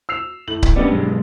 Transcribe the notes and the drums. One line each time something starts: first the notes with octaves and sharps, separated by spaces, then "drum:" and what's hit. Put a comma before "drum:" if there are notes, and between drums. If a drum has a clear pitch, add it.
E6 C7 F7
A2 F#7
drum: kick C#1
G2 B3 C#4 G4 D5 D#5
B1 G#3